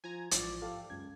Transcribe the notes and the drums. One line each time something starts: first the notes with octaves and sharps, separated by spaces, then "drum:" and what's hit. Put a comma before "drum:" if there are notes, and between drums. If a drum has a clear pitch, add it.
F3 G#5 A#5
A1 G#2 E3 F3 D5 E6, drum: hi-hat
G4 A4 F5
C#2 F#2 G#6